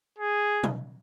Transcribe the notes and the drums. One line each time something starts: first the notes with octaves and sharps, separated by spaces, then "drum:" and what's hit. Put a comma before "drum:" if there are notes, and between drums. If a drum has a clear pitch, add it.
G#4
drum: tom B2